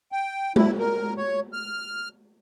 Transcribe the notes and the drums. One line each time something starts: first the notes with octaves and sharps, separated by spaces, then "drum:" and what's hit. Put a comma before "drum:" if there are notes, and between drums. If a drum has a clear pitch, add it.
G5
E4, drum: tom G#3
A#4
C#5
F6